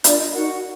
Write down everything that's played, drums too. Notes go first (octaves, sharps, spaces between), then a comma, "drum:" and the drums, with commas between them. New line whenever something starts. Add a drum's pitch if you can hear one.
D4 F4 A#4 D5, drum: hi-hat
D#5
D#4 F#4 A#4 F#5